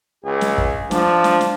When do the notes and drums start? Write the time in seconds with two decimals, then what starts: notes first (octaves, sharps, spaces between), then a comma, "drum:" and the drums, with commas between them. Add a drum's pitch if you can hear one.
0.25 C#2 G#4
0.41 drum: snare
0.58 drum: kick
0.91 F3 D4, drum: snare
1.24 drum: snare
1.41 drum: snare